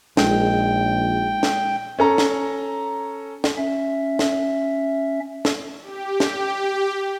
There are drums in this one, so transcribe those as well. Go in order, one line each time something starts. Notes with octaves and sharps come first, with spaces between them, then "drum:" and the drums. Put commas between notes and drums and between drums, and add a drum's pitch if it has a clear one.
A#1 G#3 D#4 G5, drum: snare
drum: snare
C#4 A4 A#5
drum: snare
drum: snare
C#4 E5
drum: snare
drum: snare
G4
drum: snare